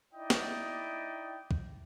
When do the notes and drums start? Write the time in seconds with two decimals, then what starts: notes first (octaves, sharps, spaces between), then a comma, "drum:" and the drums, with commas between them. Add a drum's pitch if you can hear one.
0.13 D#4 E4 D5 D#5 G5
0.30 drum: snare
1.51 drum: kick